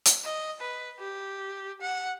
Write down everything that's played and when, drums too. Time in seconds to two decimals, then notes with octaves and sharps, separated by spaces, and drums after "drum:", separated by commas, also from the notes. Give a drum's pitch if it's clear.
0.06 drum: hi-hat
0.25 D#5
0.60 B4
0.99 G4
1.81 F#5